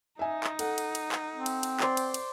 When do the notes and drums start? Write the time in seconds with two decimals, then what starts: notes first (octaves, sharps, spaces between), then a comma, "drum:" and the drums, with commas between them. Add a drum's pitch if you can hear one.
0.19 D#4 E5 G#5
0.44 drum: clap
0.59 A4 F#5, drum: cymbal
0.78 drum: cymbal
0.95 drum: cymbal
1.12 drum: clap
1.35 C4
1.46 drum: cymbal
1.63 drum: cymbal
1.80 C5 D5, drum: clap
1.97 drum: cymbal
2.14 drum: cymbal